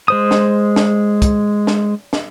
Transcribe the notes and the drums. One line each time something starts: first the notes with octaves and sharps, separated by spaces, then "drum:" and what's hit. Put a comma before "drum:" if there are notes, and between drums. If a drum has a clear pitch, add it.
G#3 C5 D#6
drum: snare
drum: snare
drum: kick, hi-hat
drum: snare
drum: snare